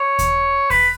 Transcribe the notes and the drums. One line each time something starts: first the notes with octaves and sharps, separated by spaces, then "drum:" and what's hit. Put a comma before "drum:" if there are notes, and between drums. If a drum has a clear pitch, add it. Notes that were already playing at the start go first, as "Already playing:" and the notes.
Already playing: C#5
drum: kick D#2, hi-hat
B4, drum: kick D#2, open hi-hat